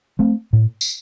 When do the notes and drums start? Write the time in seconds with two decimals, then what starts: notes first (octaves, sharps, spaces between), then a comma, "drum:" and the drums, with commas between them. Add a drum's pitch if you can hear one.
0.19 A3 C4
0.53 A2
0.81 drum: tambourine